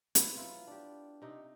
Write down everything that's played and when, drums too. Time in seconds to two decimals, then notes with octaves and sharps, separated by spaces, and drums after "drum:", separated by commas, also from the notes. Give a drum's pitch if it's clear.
0.15 E4 B4 C5, drum: hi-hat
0.37 F#3 B3 E4 F4
0.67 D4 G4
1.22 C3 D#4